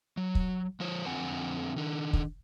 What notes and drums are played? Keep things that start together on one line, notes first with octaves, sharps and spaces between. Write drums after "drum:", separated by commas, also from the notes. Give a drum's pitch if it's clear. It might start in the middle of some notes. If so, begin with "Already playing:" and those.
F#3
drum: kick
F3 C5 C#5
F2 D3 C4 F#5 G#5
D#3 D4
drum: kick